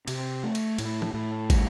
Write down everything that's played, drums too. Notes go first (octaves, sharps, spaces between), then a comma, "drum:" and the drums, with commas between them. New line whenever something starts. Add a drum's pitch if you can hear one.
C3, drum: cymbal
A3
drum: cymbal
A2, drum: cymbal
drum: tom
A2
G3, drum: kick, cymbal